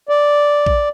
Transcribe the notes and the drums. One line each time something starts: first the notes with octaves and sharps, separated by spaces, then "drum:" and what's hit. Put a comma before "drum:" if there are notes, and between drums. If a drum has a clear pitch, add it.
D5
drum: kick A#1